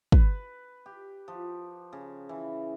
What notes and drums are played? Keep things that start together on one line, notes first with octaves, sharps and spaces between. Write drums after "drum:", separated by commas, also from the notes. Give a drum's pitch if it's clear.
B4, drum: kick
G4
F3
C#3
E3